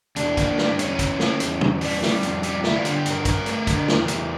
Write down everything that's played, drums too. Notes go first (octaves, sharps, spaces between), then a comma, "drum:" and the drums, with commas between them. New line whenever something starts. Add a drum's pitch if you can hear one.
E2 D4, drum: hi-hat
A#3, drum: kick, hi-hat
G3, drum: snare
E2 C#4, drum: hi-hat
E2, drum: kick, hi-hat
A#3, drum: snare
E2, drum: hi-hat
E2, drum: tom
G3, drum: open hi-hat
G3, drum: snare
F2, drum: hi-hat
G3, drum: hi-hat
G3 E4, drum: snare
F4
D3, drum: hi-hat
G4
G2 A#4, drum: hi-hat
G2 A#4, drum: kick, hi-hat
A3, drum: hi-hat
D3, drum: kick, hi-hat
E2, drum: snare
E2, drum: hi-hat